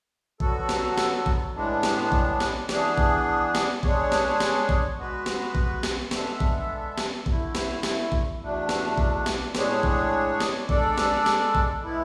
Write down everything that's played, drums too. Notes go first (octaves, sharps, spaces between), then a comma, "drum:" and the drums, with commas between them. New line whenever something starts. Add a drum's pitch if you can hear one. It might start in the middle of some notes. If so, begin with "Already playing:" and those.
D3 F#3 B3 F#4 A4, drum: kick A#1
drum: snare
drum: snare
drum: kick A#1
A2 G#3 B3 D4
drum: snare
drum: kick A#1
drum: snare
E3 B3 D4 G#4, drum: snare
drum: kick A#1
drum: snare
G#3 D4 G#4 C#5, drum: kick A#1
drum: snare
drum: snare
drum: kick A#1
G#3 B3 F#4 B4
drum: snare
drum: kick A#1
drum: snare
G#3 B3 D4 A4 E5, drum: snare
drum: kick A#1
drum: snare
D3 A3 E4, drum: kick A#1
drum: snare
drum: snare
drum: kick A#1
E2 B2 A3 D4
drum: snare
drum: kick A#1
drum: snare
A2 G#3 D4 G#4 C#5, drum: snare
drum: kick A#1
drum: snare
G#3 D4 A4 D5, drum: kick A#1
drum: snare
drum: snare
drum: kick A#1
G#3 B3 E4